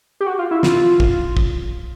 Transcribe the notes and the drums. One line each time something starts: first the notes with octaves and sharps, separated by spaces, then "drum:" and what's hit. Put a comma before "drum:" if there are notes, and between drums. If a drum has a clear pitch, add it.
G4
F#4
F4
E4
F4, drum: snare
drum: kick
drum: kick